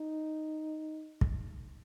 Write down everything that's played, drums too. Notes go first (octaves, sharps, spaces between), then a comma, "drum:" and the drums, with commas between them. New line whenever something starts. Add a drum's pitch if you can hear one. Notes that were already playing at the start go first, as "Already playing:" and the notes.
Already playing: D#4
drum: kick